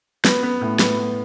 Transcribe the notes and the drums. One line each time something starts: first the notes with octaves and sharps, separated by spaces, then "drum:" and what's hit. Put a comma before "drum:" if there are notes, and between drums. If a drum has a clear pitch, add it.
B3, drum: snare
B3
A2
B3, drum: snare
B3